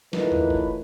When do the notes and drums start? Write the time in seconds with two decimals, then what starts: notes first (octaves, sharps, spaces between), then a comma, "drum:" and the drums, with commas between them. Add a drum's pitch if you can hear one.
0.13 A2 E3 D#4 F4 A#4 B4, drum: snare
0.32 drum: tom E2
0.50 drum: kick F1